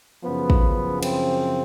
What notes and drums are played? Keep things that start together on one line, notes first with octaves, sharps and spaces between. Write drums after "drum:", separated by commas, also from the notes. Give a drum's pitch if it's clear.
F#2 C#3 F3 B3
drum: kick
C4, drum: cymbal